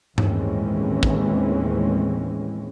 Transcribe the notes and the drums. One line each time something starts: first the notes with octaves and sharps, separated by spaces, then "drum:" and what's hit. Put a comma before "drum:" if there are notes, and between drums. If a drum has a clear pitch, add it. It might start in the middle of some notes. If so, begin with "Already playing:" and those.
D#2 A2 E3 G#3 C4 C#4, drum: tom G2
drum: kick